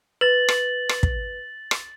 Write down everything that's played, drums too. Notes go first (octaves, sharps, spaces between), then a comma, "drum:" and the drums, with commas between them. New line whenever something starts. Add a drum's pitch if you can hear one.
B4 A6 F#7
drum: rim click
drum: rim click
drum: kick
drum: rim click